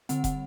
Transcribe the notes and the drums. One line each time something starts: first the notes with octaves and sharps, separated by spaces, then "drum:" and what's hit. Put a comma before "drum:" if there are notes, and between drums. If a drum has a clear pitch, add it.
D3 G3 C4 F#5, drum: hi-hat
F#5, drum: kick, hi-hat